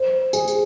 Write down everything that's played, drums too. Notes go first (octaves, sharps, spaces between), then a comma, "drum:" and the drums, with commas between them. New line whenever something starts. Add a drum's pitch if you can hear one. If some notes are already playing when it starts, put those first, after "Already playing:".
Already playing: C5
G#4, drum: tambourine
drum: tambourine